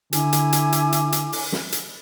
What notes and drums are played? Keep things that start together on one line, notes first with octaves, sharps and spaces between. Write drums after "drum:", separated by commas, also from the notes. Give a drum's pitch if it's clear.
D3 E4 G#5 D6, drum: hi-hat
drum: hi-hat
drum: hi-hat
drum: hi-hat
drum: hi-hat
drum: hi-hat
drum: open hi-hat
drum: snare
drum: hi-hat